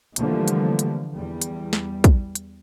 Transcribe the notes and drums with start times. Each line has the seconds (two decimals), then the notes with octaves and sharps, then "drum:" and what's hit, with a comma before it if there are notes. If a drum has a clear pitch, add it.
0.16 D3 E3 F3 G3 A3 A#3, drum: hi-hat
0.48 drum: hi-hat
0.79 drum: hi-hat
1.14 E2 G3
1.42 drum: hi-hat
1.73 drum: snare
2.04 drum: kick, hi-hat
2.35 drum: hi-hat